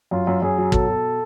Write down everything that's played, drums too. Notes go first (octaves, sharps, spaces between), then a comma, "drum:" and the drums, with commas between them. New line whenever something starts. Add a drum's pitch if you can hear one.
F#2 F4
F#2
F#2 G#4
F#3
B2 A4, drum: kick
B2